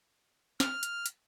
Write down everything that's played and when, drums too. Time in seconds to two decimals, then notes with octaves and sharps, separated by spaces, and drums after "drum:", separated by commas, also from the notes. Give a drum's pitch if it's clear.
0.60 F6, drum: snare
0.83 drum: hi-hat
1.06 drum: hi-hat